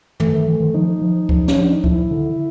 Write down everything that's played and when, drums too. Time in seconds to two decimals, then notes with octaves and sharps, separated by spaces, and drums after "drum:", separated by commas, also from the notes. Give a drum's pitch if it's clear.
0.20 E3 A3, drum: tom
0.34 D#3
0.47 E3
0.60 D#3
0.74 F3 D#4
1.02 F3
1.29 F3, drum: kick C#2
1.48 C#4, drum: snare
1.56 F3 D4
1.72 D#4
1.84 F3 E4, drum: kick C#2
2.11 D3